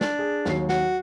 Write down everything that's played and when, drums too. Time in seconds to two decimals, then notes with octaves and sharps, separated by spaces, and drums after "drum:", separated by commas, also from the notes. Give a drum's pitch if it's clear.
0.01 D4, drum: snare
0.19 G#4
0.45 D#2 F#3 C7, drum: snare
0.69 F#4, drum: snare